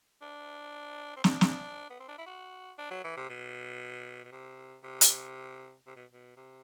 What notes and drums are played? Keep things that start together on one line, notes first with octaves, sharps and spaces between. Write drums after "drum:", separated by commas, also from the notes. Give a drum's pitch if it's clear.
D4
C4
D4, drum: snare
drum: snare
B3
C4
D4
E4
F#4
D4
F#3
E3
C3
B2
B2
C3
C3
drum: hi-hat
C3
B2
B2
C3